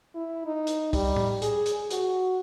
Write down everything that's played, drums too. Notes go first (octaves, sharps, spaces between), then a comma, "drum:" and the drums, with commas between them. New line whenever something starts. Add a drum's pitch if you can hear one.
E4
D#4
drum: hi-hat
G3, drum: kick, open hi-hat
drum: tom A2
G#4, drum: hi-hat
drum: hi-hat
F#4, drum: hi-hat